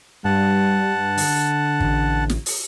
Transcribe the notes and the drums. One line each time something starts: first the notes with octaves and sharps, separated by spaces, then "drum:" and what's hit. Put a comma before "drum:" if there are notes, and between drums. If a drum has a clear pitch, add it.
G2 G3 F#5 A5
D3, drum: open hi-hat
A1, drum: kick
drum: snare
drum: open hi-hat